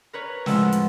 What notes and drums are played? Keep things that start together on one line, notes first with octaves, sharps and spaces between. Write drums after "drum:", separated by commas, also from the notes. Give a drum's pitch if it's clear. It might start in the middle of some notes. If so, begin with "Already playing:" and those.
A#4 B4 C#5
A2 F3 G#3 F#5 E6, drum: snare
drum: hi-hat